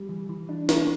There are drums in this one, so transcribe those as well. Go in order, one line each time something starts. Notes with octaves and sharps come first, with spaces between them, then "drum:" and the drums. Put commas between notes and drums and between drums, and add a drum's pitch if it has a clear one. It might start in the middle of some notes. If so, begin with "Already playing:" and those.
Already playing: G3
E3
E3
D4
E3, drum: snare